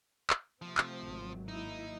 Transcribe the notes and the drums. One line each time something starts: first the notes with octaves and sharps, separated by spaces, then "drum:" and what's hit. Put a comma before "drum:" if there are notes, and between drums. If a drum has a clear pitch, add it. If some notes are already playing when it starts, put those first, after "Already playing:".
drum: clap
C3 F3 A3 C4
drum: clap
G#1 F#3
A#3 D#4 E4